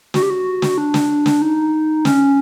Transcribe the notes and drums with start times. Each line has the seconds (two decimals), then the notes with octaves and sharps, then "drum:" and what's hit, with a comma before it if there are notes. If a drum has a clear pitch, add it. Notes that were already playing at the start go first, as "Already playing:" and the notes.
0.14 F#4, drum: snare
0.23 G4
0.30 F#4
0.62 drum: snare
0.78 D4
0.94 drum: snare
1.26 drum: snare
1.42 D#4
2.05 C#4, drum: snare